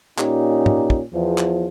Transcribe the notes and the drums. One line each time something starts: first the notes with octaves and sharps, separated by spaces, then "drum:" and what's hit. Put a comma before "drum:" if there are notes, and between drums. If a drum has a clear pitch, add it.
A#2 C#4 D#4 G4, drum: clap
drum: tom
drum: kick
E2 F3
drum: clap